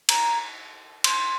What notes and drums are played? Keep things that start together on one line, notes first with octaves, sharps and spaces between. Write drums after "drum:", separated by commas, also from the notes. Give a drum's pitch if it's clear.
A#5, drum: cymbal
C6, drum: cymbal